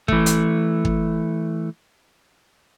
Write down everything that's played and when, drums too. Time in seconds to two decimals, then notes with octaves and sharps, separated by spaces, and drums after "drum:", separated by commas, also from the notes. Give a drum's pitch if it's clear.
0.08 E3 A3, drum: kick
0.26 drum: hi-hat
0.85 drum: kick